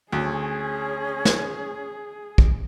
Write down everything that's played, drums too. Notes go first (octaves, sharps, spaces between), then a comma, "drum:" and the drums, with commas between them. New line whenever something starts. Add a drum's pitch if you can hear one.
D2 C#4 G#4
drum: snare
drum: kick